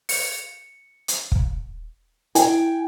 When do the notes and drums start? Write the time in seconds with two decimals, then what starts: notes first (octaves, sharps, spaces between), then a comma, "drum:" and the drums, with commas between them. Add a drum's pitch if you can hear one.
0.09 C#7, drum: open hi-hat
1.08 drum: hi-hat
1.32 drum: kick
2.35 E4 G5 G#5, drum: hi-hat